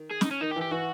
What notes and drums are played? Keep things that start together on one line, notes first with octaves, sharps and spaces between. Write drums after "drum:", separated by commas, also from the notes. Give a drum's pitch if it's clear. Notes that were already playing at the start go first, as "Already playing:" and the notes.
Already playing: D#3
G#4
D#4, drum: snare
C#4
D#3 D#4
G4
E3
G4
E3 F#4